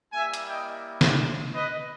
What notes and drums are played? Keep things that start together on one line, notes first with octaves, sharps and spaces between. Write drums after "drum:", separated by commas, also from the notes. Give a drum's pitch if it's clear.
G3 A#3 E4 E5 G#5
drum: hi-hat
D#5 G5
drum: snare
B4 D#5